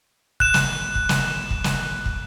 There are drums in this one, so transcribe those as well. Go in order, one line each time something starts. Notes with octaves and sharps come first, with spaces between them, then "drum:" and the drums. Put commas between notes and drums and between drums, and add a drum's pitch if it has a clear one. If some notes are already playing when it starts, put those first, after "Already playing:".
F#6 E7, drum: kick
drum: snare
drum: kick
drum: snare
drum: kick
drum: snare
drum: kick